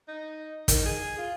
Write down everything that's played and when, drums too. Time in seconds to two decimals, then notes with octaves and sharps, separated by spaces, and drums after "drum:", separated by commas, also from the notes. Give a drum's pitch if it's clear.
0.08 D#4
0.68 D#3, drum: kick, hi-hat
0.85 G#4
1.18 F4